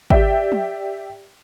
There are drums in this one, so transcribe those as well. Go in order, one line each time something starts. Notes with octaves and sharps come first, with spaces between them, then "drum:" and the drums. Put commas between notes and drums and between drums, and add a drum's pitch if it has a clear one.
G4 D5 E5 G5, drum: kick
drum: tom